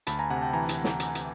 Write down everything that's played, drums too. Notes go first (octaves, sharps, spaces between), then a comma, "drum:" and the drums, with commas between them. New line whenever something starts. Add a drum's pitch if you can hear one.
D2 A5 B5, drum: hi-hat
G#5 A#5
C3 F#5 G#5
G5 A5
E3 G#5 A#5
drum: hi-hat
drum: snare
drum: hi-hat
drum: hi-hat